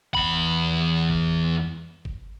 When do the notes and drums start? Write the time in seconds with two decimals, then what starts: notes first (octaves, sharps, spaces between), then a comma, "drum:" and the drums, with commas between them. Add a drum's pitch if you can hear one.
0.15 E2 B5, drum: kick
1.10 drum: kick
2.05 drum: kick